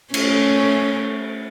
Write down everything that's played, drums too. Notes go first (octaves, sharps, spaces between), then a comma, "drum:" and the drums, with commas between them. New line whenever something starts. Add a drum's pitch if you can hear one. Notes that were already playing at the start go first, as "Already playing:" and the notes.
A3 C#4, drum: cymbal